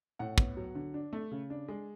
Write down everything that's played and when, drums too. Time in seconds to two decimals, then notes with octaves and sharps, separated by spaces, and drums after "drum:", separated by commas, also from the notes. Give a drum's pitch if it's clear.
0.19 A2 F#5
0.38 B3, drum: kick
0.57 F#3
0.75 D3
0.94 D4
1.13 A3
1.31 C#3
1.50 D4
1.68 G#3